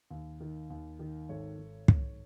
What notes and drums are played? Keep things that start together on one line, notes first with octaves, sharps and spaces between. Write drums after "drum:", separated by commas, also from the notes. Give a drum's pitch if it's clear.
D#2
D#3
D#2
D#3
G#1 A4 C#5
G#1
G#1, drum: kick